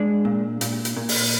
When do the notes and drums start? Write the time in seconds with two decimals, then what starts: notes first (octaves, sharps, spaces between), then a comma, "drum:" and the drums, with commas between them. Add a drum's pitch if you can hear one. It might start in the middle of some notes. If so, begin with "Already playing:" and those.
Already playing: G#3 D4
0.25 A#2
0.61 A#2, drum: hi-hat
0.85 drum: hi-hat
0.97 A#2
1.09 drum: open hi-hat